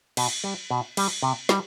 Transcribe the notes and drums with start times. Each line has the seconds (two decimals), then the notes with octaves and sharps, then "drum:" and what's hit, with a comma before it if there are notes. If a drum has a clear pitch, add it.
0.17 B2, drum: cymbal
0.44 G3
0.71 B2
0.97 G3, drum: cymbal
1.23 C3
1.49 G3, drum: snare